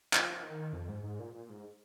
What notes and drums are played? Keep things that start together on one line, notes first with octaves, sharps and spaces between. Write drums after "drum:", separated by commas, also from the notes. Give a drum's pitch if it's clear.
F3, drum: clap
D#3
F2
G#2
G#2
A#2
A#2
G#2